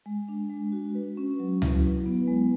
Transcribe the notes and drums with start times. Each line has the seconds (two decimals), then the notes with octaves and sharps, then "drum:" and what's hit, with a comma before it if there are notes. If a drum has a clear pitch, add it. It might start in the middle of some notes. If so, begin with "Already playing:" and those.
0.06 G#3
0.29 D4
0.50 G#3
0.72 F#4
0.95 B4
1.17 C#4
1.39 F#3
1.62 E4, drum: tom C#2
1.84 B4
2.06 B3
2.28 G#3